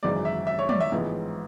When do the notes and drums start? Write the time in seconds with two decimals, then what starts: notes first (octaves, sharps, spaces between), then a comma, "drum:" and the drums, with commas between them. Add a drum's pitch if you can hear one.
0.03 G#1 F#2 C#3 E3 G#3 D5
0.25 E5
0.47 E5
0.59 C#5
0.69 D5, drum: tom
0.80 E5
0.92 A1 G#2 F3 G#3 B3